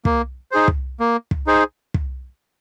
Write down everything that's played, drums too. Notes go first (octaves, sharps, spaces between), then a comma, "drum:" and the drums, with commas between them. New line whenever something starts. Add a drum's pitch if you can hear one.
A#3, drum: kick
D#4 G#4 C5
drum: kick
A#3
drum: kick
D#4 G#4 C5
drum: kick